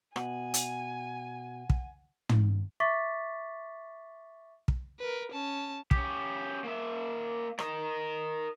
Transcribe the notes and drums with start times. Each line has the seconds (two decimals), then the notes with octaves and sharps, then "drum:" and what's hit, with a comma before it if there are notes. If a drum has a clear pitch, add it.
0.16 B2 F#5 G#5, drum: rim click
0.54 drum: hi-hat
1.70 drum: kick
2.29 drum: tom
2.80 E5 C#6 D6 A6 B6
4.68 drum: kick
5.00 A#4 B4
5.32 C#4 A5
5.91 C#4 G4, drum: kick
6.64 A#3 E5
7.59 A#4 D#5, drum: rim click